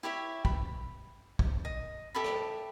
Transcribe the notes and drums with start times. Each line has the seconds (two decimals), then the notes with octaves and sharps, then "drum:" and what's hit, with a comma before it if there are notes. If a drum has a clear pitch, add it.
0.03 E4 G4 C#5 E5
0.45 B5, drum: kick
1.39 drum: kick
1.65 D#5
2.15 G4 A4 E5 B5
2.24 drum: rim click